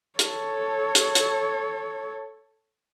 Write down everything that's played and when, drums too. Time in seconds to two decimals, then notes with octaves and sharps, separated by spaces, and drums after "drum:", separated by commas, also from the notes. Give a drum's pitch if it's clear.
0.19 A4 C#5, drum: hi-hat
0.95 drum: hi-hat
1.15 drum: hi-hat